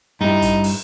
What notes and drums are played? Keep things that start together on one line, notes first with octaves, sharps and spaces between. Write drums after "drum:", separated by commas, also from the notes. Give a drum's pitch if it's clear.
G2 D#4 E4
drum: kick, hi-hat
drum: open hi-hat